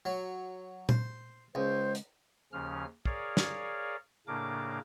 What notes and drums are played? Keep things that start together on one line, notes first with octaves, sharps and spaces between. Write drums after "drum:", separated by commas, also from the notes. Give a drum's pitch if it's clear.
F#3
C5, drum: tom A#2
C#2 C5
drum: hi-hat
D#2 C#3 F3 C#4 F6
G#4 A#4 C#5 D5 F5, drum: kick
drum: snare
A2 C#3 A#3 D4 A#4 D6